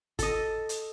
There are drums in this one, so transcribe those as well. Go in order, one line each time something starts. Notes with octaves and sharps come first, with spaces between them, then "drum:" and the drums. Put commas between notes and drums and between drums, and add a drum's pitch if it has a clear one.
A4 D#5, drum: kick, hi-hat
drum: hi-hat